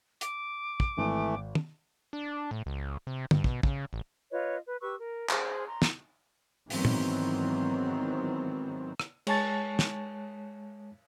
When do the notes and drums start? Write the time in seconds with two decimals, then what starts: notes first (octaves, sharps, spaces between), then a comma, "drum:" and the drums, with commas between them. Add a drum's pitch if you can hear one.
0.21 D6, drum: hi-hat
0.80 drum: kick
0.98 G#1 E3 A3
1.55 drum: tom
2.13 D4
2.51 A2
2.66 C#2
3.07 C3
3.31 G2, drum: tom
3.44 B2, drum: kick
3.63 C#3, drum: kick
3.93 A1
4.31 F4 B4 C#5 D#5
4.66 B4
4.81 G4 B4 C#6 E6
4.98 A#4
5.29 G#4 C5 C6, drum: clap
5.67 A#5 C6
5.82 drum: snare
6.70 G#2 D#3 E3 F#3 B3 C4, drum: open hi-hat
6.85 drum: tom
9.00 drum: rim click
9.27 G#3 C#5 G#5 A5 C#6 A6, drum: cymbal
9.79 drum: snare